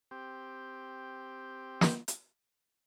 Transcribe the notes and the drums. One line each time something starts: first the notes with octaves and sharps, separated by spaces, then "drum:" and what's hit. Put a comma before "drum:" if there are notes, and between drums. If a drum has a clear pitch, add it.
C4 G4
drum: snare
drum: hi-hat